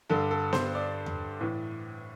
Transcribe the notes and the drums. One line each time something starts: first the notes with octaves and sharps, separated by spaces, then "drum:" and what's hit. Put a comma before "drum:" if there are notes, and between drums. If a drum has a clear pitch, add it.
G2 D3 A4
A4
C5, drum: snare B3
D5
drum: tom E2
A2 E3